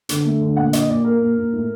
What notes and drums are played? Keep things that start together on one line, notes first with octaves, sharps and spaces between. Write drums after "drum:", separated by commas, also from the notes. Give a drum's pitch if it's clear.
D3, drum: hi-hat
A3
D3
A#2 F#5
A#2 D#5, drum: hi-hat
A#2 D5
A#3 A#4
A#2
A#2
A2